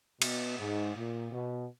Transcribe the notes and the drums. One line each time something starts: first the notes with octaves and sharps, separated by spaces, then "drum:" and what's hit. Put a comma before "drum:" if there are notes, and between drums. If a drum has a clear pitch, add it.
B2, drum: cymbal
G#2
A#2
B2